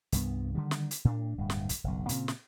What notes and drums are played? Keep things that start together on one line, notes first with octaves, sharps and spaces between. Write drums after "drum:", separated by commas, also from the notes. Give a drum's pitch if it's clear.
C2 G2 B3, drum: hi-hat
D3 D#3 G3
drum: snare
drum: hi-hat
A2 D4
D1 G2
drum: snare
drum: kick, hi-hat
F#1 B1
A#2 C#3 F3 C4, drum: hi-hat
drum: snare